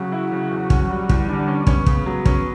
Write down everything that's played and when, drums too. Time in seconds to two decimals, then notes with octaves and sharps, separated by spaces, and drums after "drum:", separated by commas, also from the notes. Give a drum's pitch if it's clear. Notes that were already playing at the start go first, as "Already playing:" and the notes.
Already playing: C#3 F#3 F#4
0.12 E4
0.32 C#3
0.51 E2
0.70 C#4, drum: kick
0.90 G3
1.09 E2, drum: kick
1.29 D3 G3 D4
1.48 C#4
1.67 B3 C#4, drum: kick
1.86 C#3, drum: kick
2.06 F#3
2.26 C#4, drum: kick